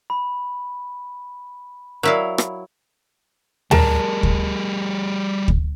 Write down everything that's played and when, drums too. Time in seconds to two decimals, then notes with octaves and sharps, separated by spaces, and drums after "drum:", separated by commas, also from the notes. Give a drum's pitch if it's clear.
0.10 B5
2.03 F#3 E4 A#4 D5 F5
2.38 drum: rim click
3.71 G3 G#4 A#4 A5, drum: tom
4.23 drum: kick D2
5.48 drum: kick D2